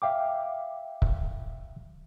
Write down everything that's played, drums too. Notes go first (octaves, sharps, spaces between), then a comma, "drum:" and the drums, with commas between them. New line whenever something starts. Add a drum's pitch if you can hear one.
E5 F5 G5 D6
drum: kick C#1